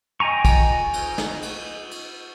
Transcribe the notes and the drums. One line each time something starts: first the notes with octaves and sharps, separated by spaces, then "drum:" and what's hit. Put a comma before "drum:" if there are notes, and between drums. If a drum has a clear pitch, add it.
D#5 G5 G#5 A#5 C#6
drum: kick, cymbal
drum: cymbal
drum: snare
drum: cymbal
drum: cymbal